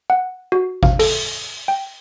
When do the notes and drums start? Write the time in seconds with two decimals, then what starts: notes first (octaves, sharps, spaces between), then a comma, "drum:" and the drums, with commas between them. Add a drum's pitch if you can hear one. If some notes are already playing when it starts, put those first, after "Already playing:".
0.10 F#5
0.52 F#4
0.83 F5, drum: kick G#1
0.99 A4, drum: open hi-hat
1.68 G5